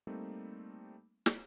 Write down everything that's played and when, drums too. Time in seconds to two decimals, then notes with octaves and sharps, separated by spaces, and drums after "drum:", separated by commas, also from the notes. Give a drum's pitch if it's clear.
0.07 G3 A3 A#3 C4 D#4
1.26 drum: snare